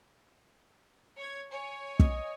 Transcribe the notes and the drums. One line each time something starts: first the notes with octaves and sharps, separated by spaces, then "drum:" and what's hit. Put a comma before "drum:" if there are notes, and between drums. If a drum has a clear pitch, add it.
C#5 G#6
C#5 G#5
D#5, drum: kick